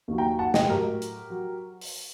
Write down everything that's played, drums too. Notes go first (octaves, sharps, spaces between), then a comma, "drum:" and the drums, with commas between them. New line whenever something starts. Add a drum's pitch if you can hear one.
D#2 D#3 F#3
G5 A#5
F#5 A5
D#5 G5, drum: snare
A2 F#3 G4 A#4
drum: hi-hat
F#3
drum: open hi-hat